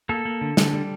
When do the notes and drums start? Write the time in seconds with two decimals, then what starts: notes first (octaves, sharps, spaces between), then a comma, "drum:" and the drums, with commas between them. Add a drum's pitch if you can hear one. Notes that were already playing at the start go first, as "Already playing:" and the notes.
0.09 A#3 A4
0.25 A#3
0.41 D3
0.57 D3, drum: snare
0.73 G3